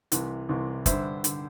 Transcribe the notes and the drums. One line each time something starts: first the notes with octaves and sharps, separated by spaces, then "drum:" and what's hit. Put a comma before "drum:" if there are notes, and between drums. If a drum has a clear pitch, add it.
C2 C3 E3, drum: hi-hat
C2 C3 E3
G2 D3 C5 E5, drum: kick, hi-hat
D3, drum: hi-hat